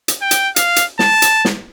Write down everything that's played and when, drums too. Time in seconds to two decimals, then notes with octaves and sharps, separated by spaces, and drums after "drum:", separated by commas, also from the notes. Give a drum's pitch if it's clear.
0.08 drum: hi-hat
0.22 G5
0.31 drum: hi-hat
0.56 F5, drum: hi-hat
0.76 drum: hi-hat
0.99 A5, drum: snare
1.22 drum: hi-hat
1.45 drum: snare